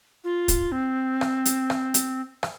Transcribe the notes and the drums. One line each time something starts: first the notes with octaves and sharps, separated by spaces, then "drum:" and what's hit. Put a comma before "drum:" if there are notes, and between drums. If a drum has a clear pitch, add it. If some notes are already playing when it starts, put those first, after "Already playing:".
F4
drum: kick, hi-hat
C4
drum: rim click
drum: hi-hat
drum: rim click
drum: hi-hat
drum: rim click